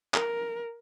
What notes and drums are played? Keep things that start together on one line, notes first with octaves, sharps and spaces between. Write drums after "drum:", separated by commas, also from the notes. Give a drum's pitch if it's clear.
A#4, drum: clap